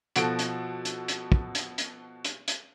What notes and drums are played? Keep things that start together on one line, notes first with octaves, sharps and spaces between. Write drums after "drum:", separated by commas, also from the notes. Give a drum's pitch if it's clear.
B2 F3 F#4 A4 D7, drum: hi-hat
drum: hi-hat
drum: hi-hat
drum: hi-hat
drum: kick
drum: hi-hat
drum: hi-hat
drum: hi-hat
drum: hi-hat